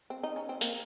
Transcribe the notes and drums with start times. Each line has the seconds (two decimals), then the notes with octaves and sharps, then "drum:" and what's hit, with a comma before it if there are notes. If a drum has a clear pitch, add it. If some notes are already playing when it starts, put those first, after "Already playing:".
0.10 C4
0.23 D#4
0.36 C#4
0.49 C4
0.61 A#3, drum: tambourine